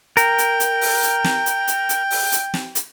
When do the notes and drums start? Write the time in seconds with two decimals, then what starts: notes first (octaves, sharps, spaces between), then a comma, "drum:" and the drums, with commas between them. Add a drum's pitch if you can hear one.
0.17 A#4 G5, drum: hi-hat
0.38 drum: hi-hat
0.60 drum: hi-hat
0.81 drum: open hi-hat
1.03 drum: hi-hat
1.24 drum: snare
1.46 drum: hi-hat
1.67 drum: hi-hat
1.89 drum: hi-hat
2.11 drum: open hi-hat
2.32 drum: hi-hat
2.54 drum: snare
2.75 drum: hi-hat